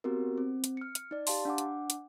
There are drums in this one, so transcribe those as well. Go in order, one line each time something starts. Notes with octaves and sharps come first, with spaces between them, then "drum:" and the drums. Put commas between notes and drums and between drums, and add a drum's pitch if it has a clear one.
B3 C4 F#4 G4 A#4
C4
drum: hi-hat
F6 C#7
drum: hi-hat
D#4 D5
G4 F5 A5 C6, drum: open hi-hat
D4 F#5 D6
drum: hi-hat
drum: hi-hat